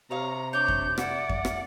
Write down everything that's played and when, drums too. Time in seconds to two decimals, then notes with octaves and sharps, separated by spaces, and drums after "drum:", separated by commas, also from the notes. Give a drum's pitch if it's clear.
0.11 C3 C#5 F5 A#5
0.53 D4 C#5 D6 G6
0.68 drum: kick F2
0.98 E4 A4 D5 F#5, drum: rim click
1.29 drum: kick F2
1.45 drum: rim click